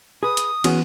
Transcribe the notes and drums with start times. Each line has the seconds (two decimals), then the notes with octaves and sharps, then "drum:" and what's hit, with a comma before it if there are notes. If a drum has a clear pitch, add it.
0.23 G#4 B4 D#6
0.37 drum: hi-hat
0.64 E3 B3 C#4 F#4 G#4, drum: cymbal